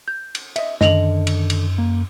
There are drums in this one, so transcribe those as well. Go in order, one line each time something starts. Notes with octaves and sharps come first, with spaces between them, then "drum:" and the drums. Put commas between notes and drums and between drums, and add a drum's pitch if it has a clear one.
G6
drum: cymbal
D#5 E5, drum: cymbal
F#2 D3 D#3 D#5 F7 F#7, drum: snare
drum: cymbal
drum: cymbal
A#3